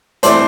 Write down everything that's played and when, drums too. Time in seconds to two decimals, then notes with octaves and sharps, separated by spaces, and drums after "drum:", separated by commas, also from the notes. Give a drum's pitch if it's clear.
0.23 A2 E3 A3 C4 C5 D5, drum: hi-hat